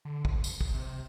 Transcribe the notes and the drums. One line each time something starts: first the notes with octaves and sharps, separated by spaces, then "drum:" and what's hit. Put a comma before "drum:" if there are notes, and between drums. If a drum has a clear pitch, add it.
D3
F1, drum: kick
drum: tambourine
F#1, drum: kick
C3